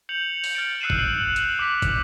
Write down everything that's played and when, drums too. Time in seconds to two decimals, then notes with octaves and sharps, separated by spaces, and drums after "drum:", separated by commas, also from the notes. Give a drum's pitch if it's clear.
0.09 G6 C#7 F7 F#7
0.44 drum: open hi-hat
0.55 F6 A6 D7
0.81 E6 F#6 C7 C#7 D#7 E7
0.90 drum: kick
1.36 drum: hi-hat
1.59 D6 B6
1.82 drum: kick, hi-hat